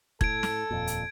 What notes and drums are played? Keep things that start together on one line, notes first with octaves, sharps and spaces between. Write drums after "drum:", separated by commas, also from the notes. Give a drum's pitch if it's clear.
A2 A4 G#6 D7, drum: kick
drum: snare
D#1 F2 A#2
drum: hi-hat